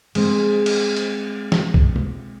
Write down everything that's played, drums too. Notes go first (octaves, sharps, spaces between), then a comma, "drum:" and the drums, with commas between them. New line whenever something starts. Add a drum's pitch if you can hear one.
G#3 C4, drum: cymbal
drum: cymbal
drum: hi-hat
drum: snare
drum: kick B1
drum: tom B2